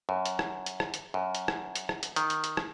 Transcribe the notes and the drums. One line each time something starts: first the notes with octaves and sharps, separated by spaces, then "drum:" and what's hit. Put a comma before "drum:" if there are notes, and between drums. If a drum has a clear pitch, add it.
F#2
drum: hi-hat
drum: rim click
drum: hi-hat
drum: rim click
drum: hi-hat
F#2
drum: hi-hat
drum: rim click
drum: hi-hat
drum: rim click
drum: hi-hat
D#3, drum: hi-hat
drum: hi-hat
drum: hi-hat
drum: rim click